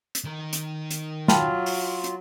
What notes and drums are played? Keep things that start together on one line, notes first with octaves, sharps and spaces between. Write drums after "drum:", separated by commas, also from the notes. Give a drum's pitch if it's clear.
drum: hi-hat
D#3 A#4
drum: hi-hat
drum: hi-hat
F#3 F4 G5 A5 B5, drum: snare
drum: open hi-hat
drum: hi-hat